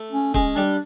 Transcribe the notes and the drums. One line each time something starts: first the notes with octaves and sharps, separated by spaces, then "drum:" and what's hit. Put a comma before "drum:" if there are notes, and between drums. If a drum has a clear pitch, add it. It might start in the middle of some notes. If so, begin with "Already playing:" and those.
Already playing: A3
C#4
G#3 C#4, drum: kick
G3 D4